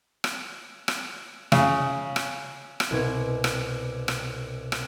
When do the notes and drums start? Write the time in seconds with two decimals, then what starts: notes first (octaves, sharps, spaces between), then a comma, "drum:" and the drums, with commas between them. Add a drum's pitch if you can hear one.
0.24 drum: rim click
0.88 drum: rim click
1.52 C#3, drum: rim click
2.16 drum: rim click
2.80 drum: rim click
2.91 C2 B2 G#6
3.44 drum: rim click
4.08 drum: rim click
4.72 drum: rim click